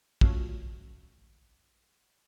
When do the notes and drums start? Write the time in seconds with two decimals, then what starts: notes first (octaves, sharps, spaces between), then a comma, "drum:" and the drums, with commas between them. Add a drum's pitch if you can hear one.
0.21 F#2 A3 C#4 F4, drum: kick